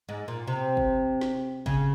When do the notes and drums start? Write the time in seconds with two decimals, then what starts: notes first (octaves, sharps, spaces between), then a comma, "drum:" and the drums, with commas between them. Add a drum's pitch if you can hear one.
0.09 G#2
0.28 A#2
0.47 C3
0.77 drum: kick
1.21 drum: snare
1.66 C#3, drum: kick